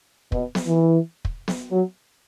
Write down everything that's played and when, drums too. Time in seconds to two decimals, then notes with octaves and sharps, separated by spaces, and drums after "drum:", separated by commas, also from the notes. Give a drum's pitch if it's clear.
0.32 B2, drum: kick
0.55 drum: snare B3
0.67 E3
1.25 drum: kick
1.48 drum: snare B3
1.71 F#3